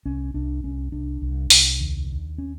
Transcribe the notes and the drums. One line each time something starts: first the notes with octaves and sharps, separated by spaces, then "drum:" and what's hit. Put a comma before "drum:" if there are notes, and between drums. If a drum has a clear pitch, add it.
C2 C#4
C2 D4
C2 C#4
C2 D4
C2
C2, drum: open hi-hat
D#2
D#2
C#4